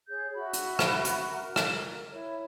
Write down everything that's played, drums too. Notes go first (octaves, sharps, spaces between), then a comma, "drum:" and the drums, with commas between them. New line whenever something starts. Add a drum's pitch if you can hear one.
G#4 C#5 G6
F#4 E5 B5
drum: hi-hat
drum: rim click
drum: hi-hat
A#4
drum: rim click
E4 C#5